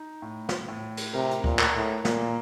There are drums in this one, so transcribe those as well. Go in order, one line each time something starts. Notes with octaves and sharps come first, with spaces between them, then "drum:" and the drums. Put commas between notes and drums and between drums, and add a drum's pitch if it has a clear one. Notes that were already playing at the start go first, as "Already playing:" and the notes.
Already playing: D#4
A2
drum: snare
A2
drum: cymbal
C3 A#4
drum: hi-hat
A#2, drum: kick D2
A#4, drum: clap
A2
A#2 A#3, drum: snare